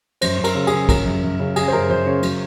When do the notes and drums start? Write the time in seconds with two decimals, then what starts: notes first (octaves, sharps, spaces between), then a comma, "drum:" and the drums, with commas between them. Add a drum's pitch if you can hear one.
0.21 F#2 C5, drum: cymbal
0.38 F#2
0.44 A#4, drum: cymbal
0.55 C#3
0.67 G#4, drum: cymbal
0.73 C#3
0.89 F#3 A#4, drum: kick, cymbal
1.05 F#2
1.23 F#2
1.39 C#3
1.56 C#3 G#4, drum: cymbal
1.68 C5
1.73 F#2 A#4
1.90 F#2 C5
2.06 C#3 C#5
2.22 F#3, drum: cymbal